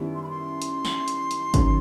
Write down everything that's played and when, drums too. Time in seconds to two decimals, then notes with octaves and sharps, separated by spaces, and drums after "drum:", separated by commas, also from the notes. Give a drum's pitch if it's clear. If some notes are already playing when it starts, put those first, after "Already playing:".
Already playing: F#2 D#3 G3 B3 E4
0.15 C6
0.23 B5
0.29 C6
0.62 drum: hi-hat
0.85 drum: snare
1.08 drum: hi-hat
1.31 drum: hi-hat
1.54 F#2 D#3 F#3, drum: kick, hi-hat